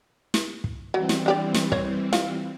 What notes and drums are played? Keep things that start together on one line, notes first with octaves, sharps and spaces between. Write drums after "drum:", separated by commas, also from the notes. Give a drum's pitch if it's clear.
drum: snare
drum: kick
E3 F#3 G3 C4
drum: snare
D4 G4 D5
drum: snare
C5 C#5, drum: kick
F4, drum: snare